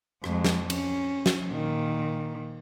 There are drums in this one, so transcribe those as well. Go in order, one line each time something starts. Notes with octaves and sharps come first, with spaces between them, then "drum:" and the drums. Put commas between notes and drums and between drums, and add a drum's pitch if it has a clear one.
F2 G#3, drum: rim click
drum: snare
C#4, drum: cymbal
drum: snare
A#2 D#3